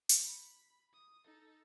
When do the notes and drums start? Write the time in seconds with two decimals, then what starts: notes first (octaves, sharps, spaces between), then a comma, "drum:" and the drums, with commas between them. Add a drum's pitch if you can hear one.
0.09 drum: hi-hat
0.25 B5
0.94 D#6
1.25 D#4 A4